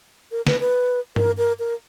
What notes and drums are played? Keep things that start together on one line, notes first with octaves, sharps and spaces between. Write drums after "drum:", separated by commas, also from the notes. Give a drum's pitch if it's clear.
A#4
B4, drum: snare
B4
A#4, drum: tom G2
A#4
A#4